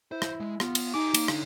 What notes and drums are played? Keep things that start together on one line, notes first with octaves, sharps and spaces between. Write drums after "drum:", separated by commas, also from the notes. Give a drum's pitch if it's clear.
E4 C5
drum: rim click
G#3
B3 F4, drum: rim click
drum: cymbal
D#4 G4 G#5 D6
A#3, drum: cymbal
D3, drum: rim click